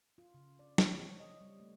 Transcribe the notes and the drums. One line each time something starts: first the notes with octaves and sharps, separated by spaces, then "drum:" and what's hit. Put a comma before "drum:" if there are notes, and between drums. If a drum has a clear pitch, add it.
F4
C#3
D5
C#5, drum: snare
C4
D#5
G3
A3